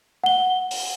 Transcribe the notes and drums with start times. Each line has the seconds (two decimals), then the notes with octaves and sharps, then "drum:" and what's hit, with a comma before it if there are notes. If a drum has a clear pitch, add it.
0.24 F#5 G7
0.71 drum: open hi-hat